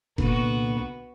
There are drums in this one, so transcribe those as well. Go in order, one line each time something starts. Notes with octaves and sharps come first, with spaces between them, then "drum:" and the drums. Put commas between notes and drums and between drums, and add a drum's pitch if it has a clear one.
C2 A#2 D3 B3 F#4, drum: kick F1